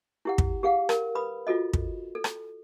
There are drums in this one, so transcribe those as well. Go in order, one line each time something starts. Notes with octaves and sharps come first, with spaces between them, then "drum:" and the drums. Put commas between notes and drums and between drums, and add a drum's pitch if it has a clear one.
E4 G4 F#5
drum: kick
G4 G#4 F5 F#5
A#4, drum: rim click
B4 B5 D#6
F4 F#4 A4 D#5
drum: kick
A4
drum: rim click